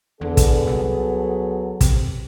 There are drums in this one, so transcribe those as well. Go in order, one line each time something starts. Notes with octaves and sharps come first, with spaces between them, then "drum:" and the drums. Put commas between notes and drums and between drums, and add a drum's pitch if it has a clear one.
E2 D3 B3 G#4 A4
drum: kick, hi-hat
C2 F#3
C3, drum: kick, hi-hat